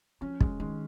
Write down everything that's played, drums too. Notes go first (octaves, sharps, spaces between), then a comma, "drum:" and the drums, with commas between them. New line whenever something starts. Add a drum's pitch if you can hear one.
F3 C#4
G#3, drum: kick
D#3 G#3